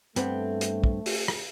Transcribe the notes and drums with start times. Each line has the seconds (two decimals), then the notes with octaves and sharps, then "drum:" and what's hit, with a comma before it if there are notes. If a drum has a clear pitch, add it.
0.16 G2 A3 B3 C4, drum: hi-hat
0.61 drum: hi-hat
0.84 drum: kick
1.06 drum: open hi-hat
1.28 drum: rim click